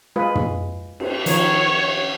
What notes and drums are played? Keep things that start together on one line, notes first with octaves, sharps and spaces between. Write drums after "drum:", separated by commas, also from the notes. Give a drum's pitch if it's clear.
G#3 F4 B4
drum: tom
drum: cymbal
D#3 F3 D#4 C#5, drum: hi-hat